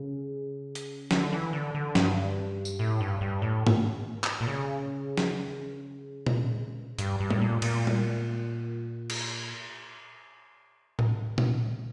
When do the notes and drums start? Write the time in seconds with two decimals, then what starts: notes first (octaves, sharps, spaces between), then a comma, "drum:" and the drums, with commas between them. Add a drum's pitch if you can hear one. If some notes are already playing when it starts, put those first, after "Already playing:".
Already playing: C#3
0.75 drum: hi-hat
1.11 D3, drum: snare
1.32 E3
1.53 D3
1.74 D3
1.95 G2, drum: snare
2.65 drum: tambourine
2.79 A2
3.00 G2
3.21 G2
3.42 A2
3.67 drum: tom
4.24 drum: clap
4.41 A#2
4.47 C#3
5.17 drum: snare
6.27 drum: tom A#2
6.99 G2, drum: hi-hat
7.20 G2
7.30 A2, drum: tom G3
7.41 A#2
7.62 A#2, drum: cymbal
7.87 drum: tom G3
9.10 drum: cymbal
10.99 drum: tom A2
11.38 drum: tom A#2